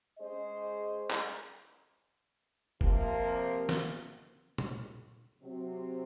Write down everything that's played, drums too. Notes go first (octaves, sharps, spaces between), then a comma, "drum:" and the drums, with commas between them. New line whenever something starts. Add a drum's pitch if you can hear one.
G#3 C#4 G#4 C5 D#5
drum: clap
C3 F3 A#3, drum: kick
drum: snare
drum: tom A#2
C3 F#3 C4